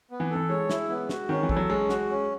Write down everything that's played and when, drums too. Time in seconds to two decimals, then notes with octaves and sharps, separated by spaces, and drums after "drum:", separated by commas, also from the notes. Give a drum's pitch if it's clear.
0.11 B3
0.20 E3
0.30 A4
0.36 E3
0.50 G#3 C#5
0.70 E4, drum: snare
0.89 B3
1.09 F#4, drum: snare
1.29 D#3 C#4
1.43 E3
1.49 A4, drum: kick
1.57 F#3
1.70 G#3 C#4
1.89 F#4, drum: snare
2.10 C#4